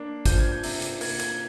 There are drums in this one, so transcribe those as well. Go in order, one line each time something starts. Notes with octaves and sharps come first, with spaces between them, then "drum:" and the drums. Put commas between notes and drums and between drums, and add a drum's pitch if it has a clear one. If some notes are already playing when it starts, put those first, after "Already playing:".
Already playing: A#3 D4
F3 G6, drum: kick, hi-hat
G#6
G6
C3, drum: open hi-hat
drum: hi-hat
A#3 G#6, drum: open hi-hat
G#6, drum: hi-hat